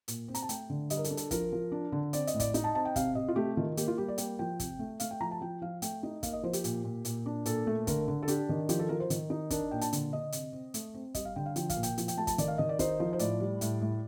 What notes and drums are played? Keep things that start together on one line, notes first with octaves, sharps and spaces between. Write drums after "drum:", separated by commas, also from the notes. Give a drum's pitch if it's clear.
A#2, drum: hi-hat
C4
A#5, drum: hi-hat
A5
A3 G5, drum: hi-hat
D3
G3 D#5, drum: hi-hat
A#4
A4, drum: hi-hat
D4
A4, drum: hi-hat
F3 A#4, drum: kick, hi-hat
F3
D4
D3
C4 D5, drum: hi-hat
D#5, drum: hi-hat
A2
D5, drum: kick, hi-hat
D#4 D#5, drum: hi-hat
A5
C4 A5
G5
C3 F5, drum: kick, hi-hat
C3 D#5
F4
A3 G4
D#3 F4
A#3 G4, drum: hi-hat
F4
G3 G4
D5
A#3 G5, drum: hi-hat
F3 G5
C3, drum: kick, hi-hat
A3
A3 F5, drum: hi-hat
G5
F3 A#5
A5
F3 G5
F3 F5
A3 G5, drum: hi-hat
D#4
A#3 F5, drum: kick, hi-hat
D#5
F3 C5
G4, drum: hi-hat
A#2, drum: hi-hat
A#2
A#2, drum: hi-hat
D4
A#2 A4, drum: hi-hat
A3
D3 A#4, drum: kick, hi-hat
D3
A4
D4 G4, drum: hi-hat
D#3
F3 G4, drum: hi-hat
A4
F3 A#4
C5
D#3, drum: hi-hat
D#4
D4 A#4, drum: kick, hi-hat
A#2 G5
A5, drum: hi-hat
D3, drum: hi-hat
D3 D#5
C3, drum: hi-hat
C4
A3, drum: hi-hat
C4
G3 D#5, drum: kick, hi-hat
F5
D3 G5
F5
F3 G5, drum: hi-hat
F5, drum: kick, hi-hat
A#2
G5, drum: hi-hat
F3, drum: hi-hat
G5, drum: hi-hat
A3 A5
A5, drum: kick, hi-hat
D#3 D5, drum: hi-hat
F5
D#3 D#5
D5
D#4 C5, drum: kick, hi-hat
F3
C5
A2 D5, drum: hi-hat
G3
A2, drum: hi-hat
A2